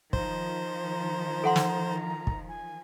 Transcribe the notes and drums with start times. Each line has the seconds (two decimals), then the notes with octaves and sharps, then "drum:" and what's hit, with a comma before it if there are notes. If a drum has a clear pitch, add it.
0.13 D#3 F3 C5 A#5, drum: kick
1.44 A4 F#5 C6
1.56 drum: snare
2.27 drum: kick
2.48 G#5